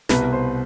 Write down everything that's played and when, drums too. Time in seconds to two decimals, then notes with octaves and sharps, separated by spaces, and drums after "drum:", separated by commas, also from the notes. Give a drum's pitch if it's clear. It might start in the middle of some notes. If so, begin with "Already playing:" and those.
0.09 C2 B2 B4, drum: snare
0.33 C5